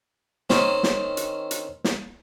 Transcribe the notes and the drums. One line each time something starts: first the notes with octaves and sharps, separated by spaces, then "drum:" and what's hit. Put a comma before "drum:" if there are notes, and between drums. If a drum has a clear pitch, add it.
D#3 C4 C#4, drum: snare
drum: snare
drum: hi-hat
drum: hi-hat
drum: snare